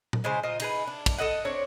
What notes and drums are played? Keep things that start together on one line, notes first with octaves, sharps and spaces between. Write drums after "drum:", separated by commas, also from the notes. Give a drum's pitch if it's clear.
drum: tom A#2
C#3 G#3 E4 C5
F4 A#4 C5 D#5
D#4 G#4 B4, drum: cymbal
D4
drum: kick, cymbal
A4 B4 D#5 F#5
C4 D4 C#5